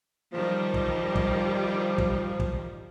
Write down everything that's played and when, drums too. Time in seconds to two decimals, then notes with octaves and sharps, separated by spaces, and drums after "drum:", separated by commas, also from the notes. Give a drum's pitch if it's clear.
0.33 D#3 F3 G3
0.74 drum: kick
1.15 drum: kick
1.98 drum: kick
2.40 drum: kick